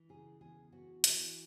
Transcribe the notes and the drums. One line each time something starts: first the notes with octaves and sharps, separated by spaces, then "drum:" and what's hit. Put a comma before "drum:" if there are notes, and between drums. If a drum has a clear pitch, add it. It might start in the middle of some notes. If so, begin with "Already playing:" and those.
Already playing: E3
C#3 G#4
E2 G#4
B3 F#4
E3, drum: hi-hat